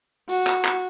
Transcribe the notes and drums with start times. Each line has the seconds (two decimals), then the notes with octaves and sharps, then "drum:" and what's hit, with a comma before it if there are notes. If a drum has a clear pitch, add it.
0.29 F#4, drum: open hi-hat
0.47 drum: clap
0.65 drum: clap